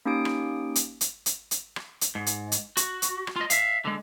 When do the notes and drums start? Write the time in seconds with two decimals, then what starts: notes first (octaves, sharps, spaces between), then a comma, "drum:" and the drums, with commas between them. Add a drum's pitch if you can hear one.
0.06 A#3 C#4 D#4 G4 D#6 D7
0.25 drum: rim click
0.75 drum: hi-hat
1.01 drum: hi-hat
1.26 drum: hi-hat
1.51 drum: hi-hat
1.76 drum: rim click
2.01 drum: hi-hat
2.15 G#2
2.26 drum: hi-hat
2.52 drum: hi-hat
2.77 F#4, drum: hi-hat
3.02 drum: hi-hat
3.27 drum: rim click
3.36 F4 D#5
3.50 E5 F5, drum: hi-hat
3.85 D3 G#3